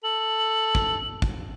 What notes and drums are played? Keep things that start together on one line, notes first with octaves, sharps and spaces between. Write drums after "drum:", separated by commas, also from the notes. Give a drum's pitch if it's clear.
A4 F#7
drum: kick
drum: kick